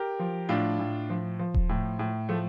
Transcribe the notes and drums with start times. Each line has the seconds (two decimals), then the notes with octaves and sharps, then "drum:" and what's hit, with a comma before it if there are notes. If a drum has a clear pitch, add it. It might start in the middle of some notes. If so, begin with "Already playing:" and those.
Already playing: G4 A#4
0.19 F3
0.49 A2 D4 F4
0.79 A2
1.10 F3
1.39 F3
1.54 drum: kick D#1
1.69 A2
1.99 A2
2.29 F3 A3